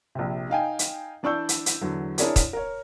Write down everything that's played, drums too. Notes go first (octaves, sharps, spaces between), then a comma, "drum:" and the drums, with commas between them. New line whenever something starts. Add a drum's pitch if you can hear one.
A#1 C3
D#4 F5 G5 G#5
drum: hi-hat
E3 D4 D5 C#6 E6 G6
drum: hi-hat
drum: hi-hat
E2 D3 F#3
D4 E4 G#4 A#4 C#5 D5, drum: hi-hat
drum: kick, hi-hat
A#4 C#5